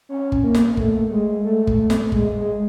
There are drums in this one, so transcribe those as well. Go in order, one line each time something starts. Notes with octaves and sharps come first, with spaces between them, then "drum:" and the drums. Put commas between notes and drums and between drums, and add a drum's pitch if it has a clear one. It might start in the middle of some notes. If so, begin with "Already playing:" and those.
C#4
drum: kick
A#3
drum: snare
A3, drum: kick
G#3
A3
drum: kick
drum: snare
G#3, drum: kick
G#3